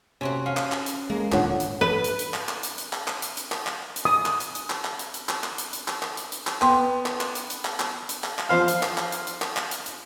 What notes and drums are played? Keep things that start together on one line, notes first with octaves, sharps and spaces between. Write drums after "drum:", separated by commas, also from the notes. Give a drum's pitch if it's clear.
C3 C4 C#4 F#4
C#4 F5
drum: clap
drum: clap
drum: hi-hat
G#3 A#3
D#1 G#2 D3 F4 C#5 F#5, drum: clap
drum: hi-hat
B4
drum: hi-hat
drum: hi-hat
drum: clap
drum: clap
drum: hi-hat
drum: hi-hat
drum: clap
drum: clap
drum: hi-hat
drum: hi-hat
drum: clap
drum: clap
drum: hi-hat
D#6
drum: clap
drum: hi-hat
drum: hi-hat
drum: clap
drum: clap
drum: hi-hat
drum: hi-hat
drum: clap
drum: clap
drum: hi-hat
drum: hi-hat
drum: clap
drum: clap
drum: hi-hat
drum: hi-hat
drum: clap
B3 G5 C6, drum: clap
drum: clap
drum: clap
drum: hi-hat
drum: hi-hat
drum: clap
drum: clap
drum: hi-hat
drum: clap
drum: clap
F3 C5 F5
drum: hi-hat
drum: clap
drum: clap
drum: hi-hat
drum: hi-hat
drum: clap
drum: clap
drum: hi-hat
drum: hi-hat